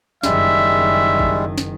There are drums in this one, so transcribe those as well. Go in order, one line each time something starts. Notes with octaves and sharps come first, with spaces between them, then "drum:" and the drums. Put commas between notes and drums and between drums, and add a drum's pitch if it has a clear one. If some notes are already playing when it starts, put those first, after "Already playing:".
F#1 D#3 G3 G#3 E5, drum: snare
drum: kick
drum: snare